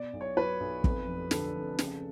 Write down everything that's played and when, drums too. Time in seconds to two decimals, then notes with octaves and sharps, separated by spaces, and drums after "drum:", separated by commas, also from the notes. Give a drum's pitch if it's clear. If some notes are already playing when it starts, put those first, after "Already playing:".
Already playing: B2 D5
0.13 B1
0.21 C#5
0.37 F#3 B4
0.60 B1
0.84 F2, drum: kick
1.07 F1
1.31 D3 A4, drum: snare
1.55 F1
1.79 C#3, drum: snare